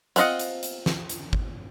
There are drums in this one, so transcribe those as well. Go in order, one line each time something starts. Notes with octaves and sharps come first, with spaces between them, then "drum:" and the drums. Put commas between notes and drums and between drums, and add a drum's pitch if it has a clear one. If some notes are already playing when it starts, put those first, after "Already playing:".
C4 D4 F4 D#5 F#5, drum: hi-hat
drum: hi-hat
drum: hi-hat
drum: snare
drum: hi-hat
drum: kick